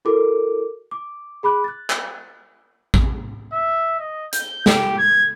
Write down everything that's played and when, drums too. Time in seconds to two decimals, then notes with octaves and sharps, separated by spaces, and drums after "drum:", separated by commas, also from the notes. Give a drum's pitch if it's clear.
0.05 E4 F#4 A4 A#4 D6
0.91 D6
1.43 G#4 B5 D6 F#6
1.64 F#6 A6
1.90 drum: clap
2.94 drum: kick
3.53 E5
4.00 D#5
4.33 G6, drum: hi-hat
4.66 G4, drum: snare
4.98 G#6